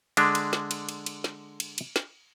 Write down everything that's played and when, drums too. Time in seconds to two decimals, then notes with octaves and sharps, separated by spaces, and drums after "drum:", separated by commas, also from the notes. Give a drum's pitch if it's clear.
0.17 D3 G#3 D4, drum: cymbal
0.35 drum: cymbal
0.53 drum: snare
0.71 drum: cymbal
0.89 drum: cymbal
1.06 drum: cymbal
1.24 drum: snare
1.60 drum: cymbal
1.78 drum: cymbal
1.96 drum: snare